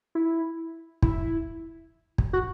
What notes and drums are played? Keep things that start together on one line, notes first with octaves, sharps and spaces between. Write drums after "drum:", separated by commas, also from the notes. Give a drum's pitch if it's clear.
E4
E4, drum: kick
drum: kick
F#4